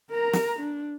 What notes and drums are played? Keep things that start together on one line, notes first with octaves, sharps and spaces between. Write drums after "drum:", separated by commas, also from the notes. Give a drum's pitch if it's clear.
A#4 A#5
drum: snare
D4